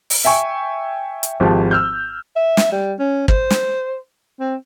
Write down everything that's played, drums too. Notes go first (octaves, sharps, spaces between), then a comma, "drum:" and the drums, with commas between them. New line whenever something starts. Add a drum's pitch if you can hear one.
drum: open hi-hat
E5 G5 G#5 C#6
drum: hi-hat
G#1 F3 G#3 G4 A5
E6 F6 G6
E5
drum: snare
G3
C#4
C5, drum: kick
drum: snare
C4